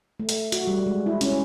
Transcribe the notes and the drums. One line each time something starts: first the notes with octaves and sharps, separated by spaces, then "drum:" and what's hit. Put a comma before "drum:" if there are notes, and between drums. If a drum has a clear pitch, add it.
A3
drum: hi-hat
F#4, drum: hi-hat
G3
G#3
E4
C#4, drum: hi-hat